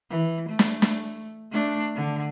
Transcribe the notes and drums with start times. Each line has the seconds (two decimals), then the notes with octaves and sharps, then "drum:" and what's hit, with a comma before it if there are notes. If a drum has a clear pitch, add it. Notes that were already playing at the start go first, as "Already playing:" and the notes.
0.10 E3
0.49 A3
0.59 drum: snare
0.82 drum: snare
1.51 A3 D4
1.95 D3